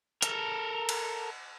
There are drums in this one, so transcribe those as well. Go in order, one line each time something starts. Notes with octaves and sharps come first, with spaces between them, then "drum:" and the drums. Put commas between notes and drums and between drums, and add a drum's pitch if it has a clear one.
A4 A#4, drum: hi-hat
drum: cymbal